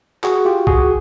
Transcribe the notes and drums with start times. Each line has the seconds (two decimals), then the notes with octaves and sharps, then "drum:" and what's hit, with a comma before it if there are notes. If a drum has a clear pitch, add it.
0.24 F#4 G#4, drum: clap
0.45 F4 G4
0.67 F#4 G#4, drum: kick B1